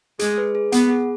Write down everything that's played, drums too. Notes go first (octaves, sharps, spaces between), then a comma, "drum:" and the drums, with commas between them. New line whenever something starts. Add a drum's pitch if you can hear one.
G#3 G#4, drum: hi-hat
B4
G#4
B3 F#5, drum: hi-hat
G#4